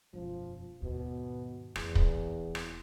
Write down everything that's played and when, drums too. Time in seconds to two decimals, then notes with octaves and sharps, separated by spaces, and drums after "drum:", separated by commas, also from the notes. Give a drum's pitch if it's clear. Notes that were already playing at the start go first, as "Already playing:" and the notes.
0.14 E1 F#2 F3
0.82 D#2 G#2 B2
1.76 F1 E2, drum: rim click
1.95 drum: kick
2.55 drum: rim click